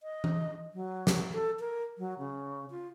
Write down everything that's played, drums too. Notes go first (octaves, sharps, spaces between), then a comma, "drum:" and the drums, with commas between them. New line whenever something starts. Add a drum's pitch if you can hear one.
D#5
drum: tom E3
F#3
drum: snare
A4
A#4
F#3
C#3
F4